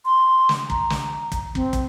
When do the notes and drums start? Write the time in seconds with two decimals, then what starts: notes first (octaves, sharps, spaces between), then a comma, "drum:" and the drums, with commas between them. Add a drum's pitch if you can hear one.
0.05 C6
0.49 drum: snare
0.70 A#5, drum: kick
0.90 drum: snare
1.32 drum: kick, hi-hat
1.55 C4, drum: kick
1.73 drum: kick, hi-hat